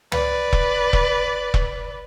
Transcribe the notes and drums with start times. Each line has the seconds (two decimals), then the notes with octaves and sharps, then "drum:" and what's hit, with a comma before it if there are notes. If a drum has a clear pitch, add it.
0.12 B4 D5, drum: tom
0.53 drum: kick E1
0.93 drum: kick E1
1.54 drum: kick E1